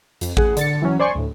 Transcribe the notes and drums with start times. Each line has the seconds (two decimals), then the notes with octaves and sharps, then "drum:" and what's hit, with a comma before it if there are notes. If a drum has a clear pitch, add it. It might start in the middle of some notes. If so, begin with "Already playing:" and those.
0.21 F2, drum: hi-hat
0.37 A1 G#4 F#5, drum: kick
0.57 D3 A6 C#7, drum: hi-hat
0.82 E3 F#3 C#4
0.99 C5 D5 G#5 C6 C#6
1.15 D2 A2